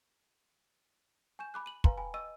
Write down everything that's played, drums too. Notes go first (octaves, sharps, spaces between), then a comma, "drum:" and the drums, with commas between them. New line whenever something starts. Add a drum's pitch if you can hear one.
G#5 C#6 G6 E7
B5 D6 F#6
D#7 F#7
B4 F5 G#5 A#5 C6, drum: kick
G5 G#5 B5
D#5 C#6 E6 D#7